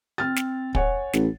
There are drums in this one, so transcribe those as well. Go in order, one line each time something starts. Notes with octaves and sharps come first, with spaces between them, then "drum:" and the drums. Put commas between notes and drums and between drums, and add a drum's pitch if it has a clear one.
C4 F6 A6
drum: snare
C#5 F#5 G#5, drum: kick
A1, drum: snare